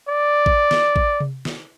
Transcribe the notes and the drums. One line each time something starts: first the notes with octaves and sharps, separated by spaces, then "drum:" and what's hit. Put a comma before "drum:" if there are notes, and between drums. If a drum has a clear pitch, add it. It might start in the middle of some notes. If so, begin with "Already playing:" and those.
D5
drum: kick A1
drum: snare
drum: kick A1
drum: tom C3
drum: snare